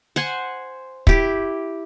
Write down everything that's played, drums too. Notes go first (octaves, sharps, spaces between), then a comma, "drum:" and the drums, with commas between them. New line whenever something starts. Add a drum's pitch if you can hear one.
C5 F#5 G#5
E4 G4, drum: kick